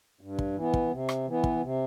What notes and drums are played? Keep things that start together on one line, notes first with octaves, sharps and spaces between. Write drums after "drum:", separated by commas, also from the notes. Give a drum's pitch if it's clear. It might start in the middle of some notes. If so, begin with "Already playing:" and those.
G2
drum: kick
E3 B3
drum: kick
C3
drum: rim click
E3 B3
drum: kick
C3